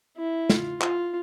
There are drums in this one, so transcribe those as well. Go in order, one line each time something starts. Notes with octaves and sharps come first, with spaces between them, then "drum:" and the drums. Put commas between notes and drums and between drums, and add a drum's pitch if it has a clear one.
E4
F4, drum: snare
F4, drum: clap